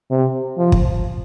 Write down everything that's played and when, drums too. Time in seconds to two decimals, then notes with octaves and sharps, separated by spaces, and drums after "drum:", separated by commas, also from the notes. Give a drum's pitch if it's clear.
0.11 C3
0.58 F3
0.72 drum: kick